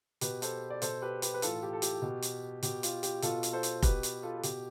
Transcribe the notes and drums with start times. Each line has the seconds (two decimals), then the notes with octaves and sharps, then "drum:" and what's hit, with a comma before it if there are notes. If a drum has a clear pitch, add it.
0.21 B2 G4 B4, drum: hi-hat
0.42 A4 C5, drum: hi-hat
0.70 D5
0.82 B2 A4 C5, drum: hi-hat
1.02 G4 B4
1.22 G4 B4, drum: hi-hat
1.34 B4
1.42 A2 E3 F4 A4, drum: hi-hat
1.63 G4
1.73 A4
1.82 G4, drum: hi-hat
2.02 B2
2.22 drum: hi-hat
2.63 B2 G4, drum: hi-hat
2.83 F4, drum: hi-hat
3.03 G4, drum: hi-hat
3.22 B2 F4 A4, drum: hi-hat
3.43 drum: hi-hat
3.53 A4 C5
3.63 drum: hi-hat
3.83 B2 G4 B4, drum: kick F1, hi-hat
4.03 drum: hi-hat
4.23 F4 A4
4.37 A4
4.43 B2 G4, drum: hi-hat